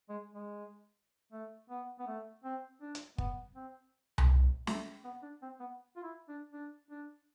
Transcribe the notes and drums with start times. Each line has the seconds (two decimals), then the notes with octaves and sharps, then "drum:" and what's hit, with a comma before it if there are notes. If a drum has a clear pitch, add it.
0.09 G#3
0.34 G#3
1.32 A3
1.70 B3
1.99 B3
2.07 A3
2.44 C4
2.82 D4
2.95 drum: hi-hat
3.18 B3, drum: kick
3.56 C4
4.18 drum: tom C2
4.67 A3, drum: snare
5.05 B3
5.23 D4
5.42 C4
5.60 B3
5.97 F4
6.04 E4
6.29 D4
6.53 D4
6.91 D4